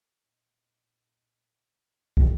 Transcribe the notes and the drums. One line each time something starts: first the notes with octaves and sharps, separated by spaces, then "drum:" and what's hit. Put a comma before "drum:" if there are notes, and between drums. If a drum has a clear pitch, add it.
A#2 D#4
drum: kick